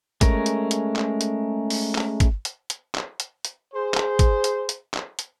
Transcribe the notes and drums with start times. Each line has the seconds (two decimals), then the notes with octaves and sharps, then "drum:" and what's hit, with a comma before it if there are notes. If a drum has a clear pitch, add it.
0.21 G#3 A3 C#4 A#4, drum: kick, hi-hat
0.46 drum: hi-hat
0.71 drum: hi-hat
0.96 drum: clap
1.21 drum: hi-hat
1.70 drum: open hi-hat
1.95 drum: clap
2.20 drum: kick, hi-hat
2.45 drum: hi-hat
2.70 drum: hi-hat
2.95 drum: clap
3.20 drum: hi-hat
3.45 drum: hi-hat
3.74 G#4 C5
3.94 drum: clap
4.19 drum: kick, hi-hat
4.44 drum: hi-hat
4.69 drum: hi-hat
4.94 drum: clap
5.19 drum: hi-hat